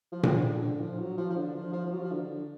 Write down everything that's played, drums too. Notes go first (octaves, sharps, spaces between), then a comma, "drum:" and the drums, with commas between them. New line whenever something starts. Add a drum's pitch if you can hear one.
F3
drum: tom A#2
D3
D3
F3
F#3
F3
F3
D3
F3
F3
F3
F#3
F3
D3